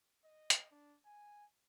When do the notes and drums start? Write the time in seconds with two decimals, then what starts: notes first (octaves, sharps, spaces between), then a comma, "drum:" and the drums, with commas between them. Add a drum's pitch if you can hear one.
0.24 D#5
0.50 drum: hi-hat
0.71 D4
1.05 G#5